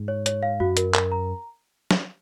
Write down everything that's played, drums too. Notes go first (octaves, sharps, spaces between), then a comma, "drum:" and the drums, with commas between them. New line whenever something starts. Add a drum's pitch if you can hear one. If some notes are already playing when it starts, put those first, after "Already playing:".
Already playing: G#2
C#5
C#5, drum: hi-hat
F5
F#2 F#4
A#4, drum: hi-hat
A#4, drum: clap
A#5
drum: snare